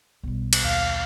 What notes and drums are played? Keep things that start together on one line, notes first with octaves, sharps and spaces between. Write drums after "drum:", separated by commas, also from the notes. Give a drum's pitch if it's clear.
B1 G3
drum: cymbal
D#2 F5